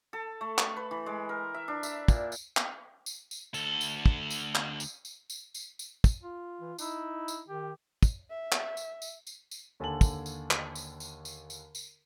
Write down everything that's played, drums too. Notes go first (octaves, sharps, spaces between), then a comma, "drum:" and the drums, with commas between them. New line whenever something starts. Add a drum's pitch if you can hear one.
A4
A3
drum: clap
B4
E3
G#3
A#4
E5
D4
E5, drum: tambourine
A#2, drum: kick, tambourine
drum: tambourine
drum: clap
drum: tambourine
drum: tambourine
D2 A4, drum: tambourine
drum: tambourine
drum: kick
drum: tambourine
drum: clap
drum: tambourine
drum: tambourine
drum: tambourine
drum: tambourine
drum: tambourine
drum: kick, tambourine
F4
E3
D#4 E4, drum: tambourine
drum: tambourine
D#3 G4
drum: kick, tambourine
E5
drum: clap
drum: tambourine
drum: tambourine
drum: tambourine
drum: tambourine
D#2 D3 G#5 A5 E6 F#7
drum: kick, tambourine
drum: tambourine
drum: clap
drum: tambourine
drum: tambourine
drum: tambourine
drum: tambourine
drum: tambourine